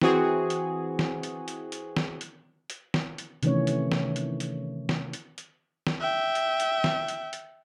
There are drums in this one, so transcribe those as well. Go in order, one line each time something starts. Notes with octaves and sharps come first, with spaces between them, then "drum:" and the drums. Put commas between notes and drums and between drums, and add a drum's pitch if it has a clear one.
E3 C4 F#4 G#4, drum: snare
drum: hi-hat
drum: snare
drum: hi-hat
drum: hi-hat
drum: hi-hat
drum: snare
drum: hi-hat
drum: hi-hat
drum: snare
drum: hi-hat
C3 D#3 E3 A3 C#4 C#5, drum: hi-hat
drum: hi-hat
drum: snare
drum: hi-hat
drum: hi-hat
drum: snare
drum: hi-hat
drum: hi-hat
drum: snare
E5 G5
drum: hi-hat
drum: hi-hat
drum: snare
drum: hi-hat
drum: hi-hat